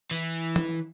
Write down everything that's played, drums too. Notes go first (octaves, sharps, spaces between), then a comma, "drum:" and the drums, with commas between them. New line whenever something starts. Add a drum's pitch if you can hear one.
E3
drum: tom E3